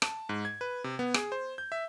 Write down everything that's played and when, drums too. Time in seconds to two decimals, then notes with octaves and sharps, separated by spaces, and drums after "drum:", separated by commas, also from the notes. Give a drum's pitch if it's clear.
0.02 A5, drum: rim click
0.29 G#2
0.45 G#6
0.61 B4
0.84 C3
0.99 B3
1.14 G#4, drum: rim click
1.32 C5
1.58 G6
1.72 E5